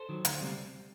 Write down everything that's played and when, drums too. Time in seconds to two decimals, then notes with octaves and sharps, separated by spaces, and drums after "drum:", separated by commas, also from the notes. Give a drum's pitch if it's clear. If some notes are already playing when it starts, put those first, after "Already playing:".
Already playing: A4 C5
0.09 D#3 F#3
0.25 D2, drum: hi-hat
0.41 C3 G3 C4